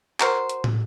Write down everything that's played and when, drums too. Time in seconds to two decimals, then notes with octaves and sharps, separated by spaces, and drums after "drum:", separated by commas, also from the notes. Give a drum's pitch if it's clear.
0.20 F#4 A#4 C5, drum: clap
0.49 drum: hi-hat
0.64 drum: tom